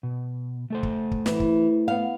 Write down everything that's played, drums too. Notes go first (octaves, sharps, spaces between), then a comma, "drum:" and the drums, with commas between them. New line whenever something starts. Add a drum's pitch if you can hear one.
B2
A3 A4 C5
drum: kick
drum: kick
E3, drum: snare
drum: kick
B3 F5